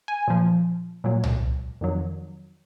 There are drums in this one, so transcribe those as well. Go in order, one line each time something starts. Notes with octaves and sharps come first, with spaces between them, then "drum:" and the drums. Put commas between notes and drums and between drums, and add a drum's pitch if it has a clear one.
G#5
A#2 F3
A#2 F#3
drum: tom C2
F2 D#3 F#3